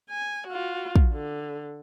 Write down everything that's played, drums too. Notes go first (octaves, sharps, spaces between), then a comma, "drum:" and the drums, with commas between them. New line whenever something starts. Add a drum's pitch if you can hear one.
G#5
F4 F#4
drum: kick
D3